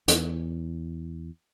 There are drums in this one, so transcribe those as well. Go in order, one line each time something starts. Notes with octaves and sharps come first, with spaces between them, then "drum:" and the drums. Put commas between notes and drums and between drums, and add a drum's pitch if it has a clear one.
E2, drum: hi-hat